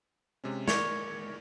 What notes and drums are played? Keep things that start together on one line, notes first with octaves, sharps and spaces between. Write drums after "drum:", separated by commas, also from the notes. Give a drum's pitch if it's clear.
C3 G#3 C#4
A#4 C#5 D5, drum: snare